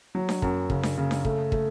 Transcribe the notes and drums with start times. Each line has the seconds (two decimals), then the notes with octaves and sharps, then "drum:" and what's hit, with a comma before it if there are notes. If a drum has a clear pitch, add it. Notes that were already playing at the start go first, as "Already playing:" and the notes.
0.15 F#3
0.29 drum: snare D4
0.42 F#2, drum: kick
0.70 C#3, drum: kick
0.83 drum: snare D4
0.97 C#3
1.11 drum: snare D4
1.25 A3, drum: kick
1.52 A3, drum: kick